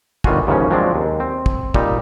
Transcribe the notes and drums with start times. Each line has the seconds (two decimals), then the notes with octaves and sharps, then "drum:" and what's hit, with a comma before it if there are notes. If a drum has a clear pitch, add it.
0.24 G1 D#3 G3 F4 F#4 G#5, drum: kick
0.47 D#2 G#2 C#3 E3 F3 C#4
0.71 F3 F#3 G#3 C4 D4
0.94 D#2
1.20 C4
1.46 drum: kick
1.74 A#2 G3 D#4, drum: kick